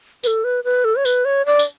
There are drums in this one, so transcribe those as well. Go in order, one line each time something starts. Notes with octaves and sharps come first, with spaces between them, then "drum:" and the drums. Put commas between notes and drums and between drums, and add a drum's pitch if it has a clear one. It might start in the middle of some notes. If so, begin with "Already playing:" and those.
B4, drum: tambourine
A4
B4
B4
A4
C#5
B4, drum: tambourine
C#5
D5
drum: tambourine